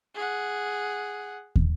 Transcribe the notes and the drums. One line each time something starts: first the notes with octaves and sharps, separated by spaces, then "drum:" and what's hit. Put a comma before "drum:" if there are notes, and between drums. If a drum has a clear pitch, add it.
G#4 F#5
drum: kick